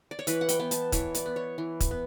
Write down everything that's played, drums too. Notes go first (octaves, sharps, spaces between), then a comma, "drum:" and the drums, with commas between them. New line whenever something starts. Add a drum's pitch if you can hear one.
D5
C#5
E3 B4, drum: hi-hat
F#5
G5, drum: hi-hat
B3
A5, drum: hi-hat
E3 C#5, drum: kick, hi-hat
D5, drum: hi-hat
B3
C#5
E3
drum: kick, hi-hat
B3